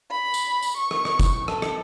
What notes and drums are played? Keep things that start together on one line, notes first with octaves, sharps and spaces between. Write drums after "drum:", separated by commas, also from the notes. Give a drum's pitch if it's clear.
B5
drum: tambourine
drum: tambourine
C#6
drum: rim click
drum: rim click
drum: kick, tambourine
A4, drum: rim click
drum: rim click